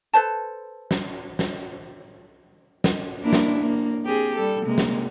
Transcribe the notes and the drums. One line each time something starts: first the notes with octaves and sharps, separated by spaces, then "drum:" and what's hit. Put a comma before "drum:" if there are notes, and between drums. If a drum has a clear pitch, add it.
A4 B4 C5 A5
drum: snare
drum: snare
drum: snare
A#3 D4 E4
drum: snare
A#3
C4 G4 G#4
G3 A4
C3 G#3 A#3
drum: snare